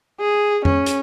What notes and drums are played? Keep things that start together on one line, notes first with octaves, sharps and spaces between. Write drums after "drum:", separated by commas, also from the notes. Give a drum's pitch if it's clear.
G#4
C#4, drum: tom F2
drum: hi-hat